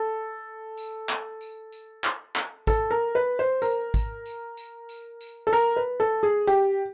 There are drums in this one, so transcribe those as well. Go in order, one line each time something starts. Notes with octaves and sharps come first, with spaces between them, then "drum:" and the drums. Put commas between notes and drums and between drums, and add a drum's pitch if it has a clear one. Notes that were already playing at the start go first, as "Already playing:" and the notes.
Already playing: A4
drum: tambourine
drum: clap
drum: tambourine
drum: tambourine
drum: clap
drum: clap
A4, drum: kick, tambourine
A#4
B4
C5
A#4, drum: tambourine
drum: kick, tambourine
drum: tambourine
drum: tambourine
drum: tambourine
drum: tambourine
A4
A#4, drum: tambourine
B4
A4
G#4
G4, drum: tambourine